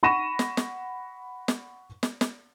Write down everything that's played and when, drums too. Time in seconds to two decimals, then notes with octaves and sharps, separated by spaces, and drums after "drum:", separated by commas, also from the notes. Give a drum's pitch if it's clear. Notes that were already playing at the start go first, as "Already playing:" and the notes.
0.03 F#5 B5 C#6 A#6 D#7 E7
0.39 drum: snare
0.57 drum: snare
1.48 drum: snare
2.03 drum: snare
2.21 drum: snare